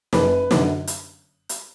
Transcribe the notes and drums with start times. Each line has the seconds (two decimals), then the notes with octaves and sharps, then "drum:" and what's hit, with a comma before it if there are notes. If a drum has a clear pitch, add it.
0.13 F#1 B4, drum: snare
0.51 F#2 D3, drum: snare
0.87 drum: hi-hat
1.49 drum: hi-hat